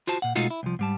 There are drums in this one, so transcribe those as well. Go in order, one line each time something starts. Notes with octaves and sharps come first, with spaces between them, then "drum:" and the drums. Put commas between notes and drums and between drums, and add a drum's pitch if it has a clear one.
F4 F#4 C5 A5, drum: hi-hat
A#2 F#5
B2 G#3 A3 D#4 F4 F#4, drum: hi-hat
E4
C2 F3
G#2 G3 A5